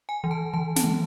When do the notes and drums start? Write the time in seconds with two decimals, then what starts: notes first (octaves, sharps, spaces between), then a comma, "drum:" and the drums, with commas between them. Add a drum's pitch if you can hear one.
0.09 G#5
0.24 E3
0.31 A5
0.54 E3 A5
0.76 A5, drum: snare
0.84 E3